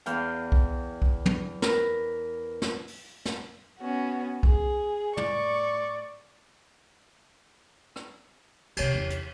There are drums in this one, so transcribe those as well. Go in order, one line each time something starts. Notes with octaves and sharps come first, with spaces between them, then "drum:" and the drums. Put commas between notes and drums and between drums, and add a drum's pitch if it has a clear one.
E2 F5 G5, drum: hi-hat
drum: kick B1
drum: kick B1
drum: tom
A#4 B4, drum: snare
drum: snare
drum: open hi-hat
drum: snare
B3 C#4 F#4
G#4, drum: kick B1
A2 D5 C#6, drum: tom
drum: rim click
D#2 C3 G4 C#5 C7, drum: cymbal
E2
B6, drum: hi-hat